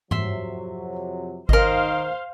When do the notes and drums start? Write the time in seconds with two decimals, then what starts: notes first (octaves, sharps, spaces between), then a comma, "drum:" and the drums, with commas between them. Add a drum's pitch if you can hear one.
0.11 F2 C3 F#3 E5 C6, drum: tom G#2
1.49 D#3 A#4 C5 D#5 F5, drum: kick G#1